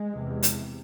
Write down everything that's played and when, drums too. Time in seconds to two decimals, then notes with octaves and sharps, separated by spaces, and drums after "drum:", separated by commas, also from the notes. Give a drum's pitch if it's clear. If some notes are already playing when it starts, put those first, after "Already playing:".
Already playing: G#3
0.14 E2 C3
0.43 drum: hi-hat